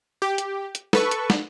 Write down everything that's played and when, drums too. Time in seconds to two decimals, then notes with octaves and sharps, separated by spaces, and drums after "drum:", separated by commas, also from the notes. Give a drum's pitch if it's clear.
0.22 G4
0.38 drum: hi-hat
0.75 drum: hi-hat
0.93 A4 B4 C#6, drum: snare
1.11 drum: hi-hat
1.30 drum: snare